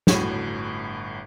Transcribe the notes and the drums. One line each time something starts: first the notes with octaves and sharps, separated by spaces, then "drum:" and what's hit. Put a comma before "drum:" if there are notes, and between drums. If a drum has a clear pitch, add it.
G1 A2 F#4 B5 D#7, drum: snare